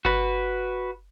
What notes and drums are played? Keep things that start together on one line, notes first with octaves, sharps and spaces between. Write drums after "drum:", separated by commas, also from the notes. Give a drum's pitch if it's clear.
F#4 B4, drum: kick G1